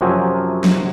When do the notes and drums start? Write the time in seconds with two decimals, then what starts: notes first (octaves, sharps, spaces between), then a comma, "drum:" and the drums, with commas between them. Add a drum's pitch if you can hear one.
0.01 F#2 C3 F3 F#3 G#5
0.64 drum: snare